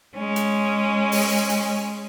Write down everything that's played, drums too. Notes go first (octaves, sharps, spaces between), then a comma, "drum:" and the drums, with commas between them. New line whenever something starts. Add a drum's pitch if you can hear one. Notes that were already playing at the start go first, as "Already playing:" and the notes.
G#3 C#4
drum: hi-hat
drum: open hi-hat
drum: hi-hat